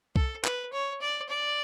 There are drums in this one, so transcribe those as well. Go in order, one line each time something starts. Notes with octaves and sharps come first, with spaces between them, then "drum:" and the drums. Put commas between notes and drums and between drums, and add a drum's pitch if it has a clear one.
A4, drum: kick C2
B4, drum: clap
C#5
D5
D5